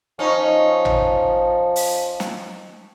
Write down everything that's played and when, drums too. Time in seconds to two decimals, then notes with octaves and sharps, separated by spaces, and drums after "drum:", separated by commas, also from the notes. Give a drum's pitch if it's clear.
0.19 F3 C#4 D#4
0.85 drum: tom G#1
1.76 drum: open hi-hat
2.20 drum: snare